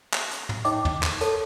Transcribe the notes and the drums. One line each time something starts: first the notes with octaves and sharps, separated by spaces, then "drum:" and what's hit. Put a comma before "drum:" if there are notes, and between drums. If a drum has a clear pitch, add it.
drum: clap
drum: hi-hat
drum: tom
D#4 C#5 D#5 G5 D6, drum: hi-hat
drum: tom
drum: clap
A4 C#5 A5, drum: hi-hat